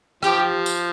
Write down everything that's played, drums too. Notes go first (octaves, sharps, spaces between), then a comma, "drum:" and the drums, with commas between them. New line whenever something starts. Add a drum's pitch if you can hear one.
F3 G4, drum: rim click
drum: tambourine